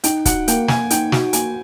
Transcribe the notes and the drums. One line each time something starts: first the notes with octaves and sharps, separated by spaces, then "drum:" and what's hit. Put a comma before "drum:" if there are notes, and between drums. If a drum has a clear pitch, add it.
D#4 G5, drum: hi-hat
F#4 F#5, drum: kick, hi-hat
A#3 G5, drum: hi-hat
A#3 G#5, drum: snare
D#4 G5, drum: hi-hat
F#4, drum: snare
A#3 G#5, drum: hi-hat